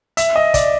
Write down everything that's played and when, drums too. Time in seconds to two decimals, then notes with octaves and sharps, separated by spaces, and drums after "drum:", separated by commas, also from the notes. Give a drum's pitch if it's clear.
0.17 E5, drum: hi-hat
0.36 D#5
0.54 D5, drum: kick, hi-hat